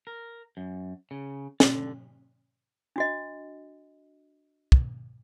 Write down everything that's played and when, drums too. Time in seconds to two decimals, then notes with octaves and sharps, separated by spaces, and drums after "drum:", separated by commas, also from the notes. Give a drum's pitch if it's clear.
0.07 A#4
0.57 F#2
1.11 C#3
1.60 D5, drum: snare
1.72 D3
2.96 D4 F#4 D#5
4.72 drum: kick